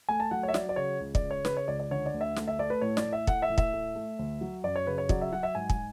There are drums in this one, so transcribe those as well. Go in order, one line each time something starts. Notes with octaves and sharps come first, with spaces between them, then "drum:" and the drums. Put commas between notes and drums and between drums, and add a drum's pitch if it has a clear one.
A3 G#5
A5
F#3 F#5
C#5
E5
F#3 D5, drum: snare
D5
C#3 C#5
C#2
D5, drum: kick
C#3
C#5
C#3 B4, drum: snare
C#5
C#2 D5
D5
D3 C#5
D5
D2
E5
A3, drum: snare
E5
A3 D5
B4
A2 C#5
D5, drum: snare
A2
E5
A3 F#5, drum: kick
E5
A2
E5, drum: kick
A3
A3
D2
F#3
F#2 D5
C#5
C#3 B4
C#5
F#3 D5, drum: kick
E5
F#3 F#5
E5
G#2 G#5
G#5, drum: kick